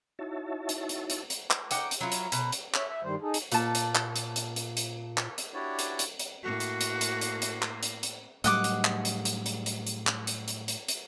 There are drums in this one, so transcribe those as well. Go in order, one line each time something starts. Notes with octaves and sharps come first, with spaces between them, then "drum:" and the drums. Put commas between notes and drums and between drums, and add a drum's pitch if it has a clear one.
D#4 E4 F#4 C#5 E5 A5
drum: hi-hat
drum: hi-hat
drum: hi-hat
drum: hi-hat
drum: clap
D#4 F#5 G5 D6, drum: hi-hat
drum: hi-hat
F#3 E4 F4 A#5
drum: hi-hat
B2, drum: hi-hat
drum: hi-hat
C#5 E5, drum: clap
E5
G2 D#3 G3 C5
D#4 G#4 A4
drum: hi-hat
A#2 A5, drum: hi-hat
drum: hi-hat
drum: clap
drum: hi-hat
drum: hi-hat
drum: hi-hat
drum: hi-hat
drum: clap
drum: hi-hat
D4 E4 F#4 G4 C#5 D5
drum: hi-hat
drum: hi-hat
drum: hi-hat
A2 A#3 F#4
drum: hi-hat
drum: hi-hat
drum: hi-hat
drum: hi-hat
drum: hi-hat
drum: clap
drum: hi-hat
drum: hi-hat
A2 F#3 G3 D#5 F#5 D6, drum: hi-hat
drum: hi-hat
drum: clap
drum: hi-hat
drum: hi-hat
drum: hi-hat
drum: hi-hat
drum: hi-hat
drum: clap
drum: hi-hat
drum: hi-hat
drum: hi-hat
drum: hi-hat